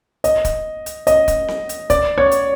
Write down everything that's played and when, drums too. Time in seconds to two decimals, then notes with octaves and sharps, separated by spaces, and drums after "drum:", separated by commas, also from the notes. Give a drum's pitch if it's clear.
0.24 D#5, drum: hi-hat
0.45 drum: kick, hi-hat
0.86 drum: hi-hat
1.07 D#5, drum: hi-hat
1.28 drum: kick, hi-hat
1.48 drum: snare C4
1.69 drum: hi-hat
1.90 D5, drum: kick, hi-hat
2.18 C#5
2.31 drum: hi-hat